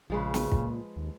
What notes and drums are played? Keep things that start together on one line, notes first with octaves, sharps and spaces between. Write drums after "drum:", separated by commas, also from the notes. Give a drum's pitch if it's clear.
A#1 C#3 F3 G#3 B4
drum: snare
A#2, drum: kick
D#2